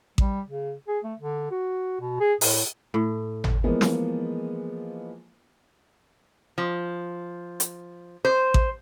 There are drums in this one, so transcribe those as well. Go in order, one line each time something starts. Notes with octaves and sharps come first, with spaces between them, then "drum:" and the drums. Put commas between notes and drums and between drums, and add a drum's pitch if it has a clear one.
G3, drum: kick A1
C#3
G#4
A3
D3
F#4
B2
G#4
A2, drum: open hi-hat
A2
drum: tom G#1
E3 F3 G#3 A#3 B3 F4
drum: snare
F3
drum: hi-hat
C5
drum: kick A1